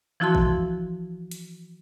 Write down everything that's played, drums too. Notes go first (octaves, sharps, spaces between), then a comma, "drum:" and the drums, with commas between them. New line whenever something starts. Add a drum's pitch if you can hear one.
E3 F3 E4 F#4 A5 C6
drum: kick
drum: hi-hat